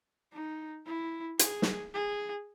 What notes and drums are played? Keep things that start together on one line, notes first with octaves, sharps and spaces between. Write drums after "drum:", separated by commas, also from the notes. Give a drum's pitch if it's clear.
D#4
E4
G#4, drum: hi-hat
drum: snare
G#4